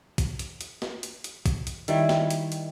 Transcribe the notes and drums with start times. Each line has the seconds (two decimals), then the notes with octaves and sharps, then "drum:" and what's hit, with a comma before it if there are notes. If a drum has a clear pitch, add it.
0.18 drum: kick, hi-hat
0.39 drum: hi-hat
0.61 drum: hi-hat
0.82 drum: snare
1.03 drum: hi-hat
1.24 drum: hi-hat
1.46 drum: kick, hi-hat
1.67 drum: hi-hat
1.88 D#3 G3 E4, drum: hi-hat
2.09 drum: snare
2.30 drum: hi-hat
2.52 drum: hi-hat